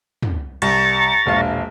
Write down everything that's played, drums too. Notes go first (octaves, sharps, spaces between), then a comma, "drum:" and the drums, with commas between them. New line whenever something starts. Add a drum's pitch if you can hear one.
drum: tom
C2 A#5 C#6 A6, drum: cymbal
E1 A#1 F5